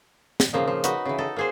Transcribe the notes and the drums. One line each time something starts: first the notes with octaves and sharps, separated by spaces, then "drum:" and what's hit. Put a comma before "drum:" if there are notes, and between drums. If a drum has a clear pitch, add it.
drum: snare
C#3 F3 A#3 D#4
F3
D#4 F#4 B4, drum: hi-hat
C#3 E3
D#4 A4
A#3 G#4 C5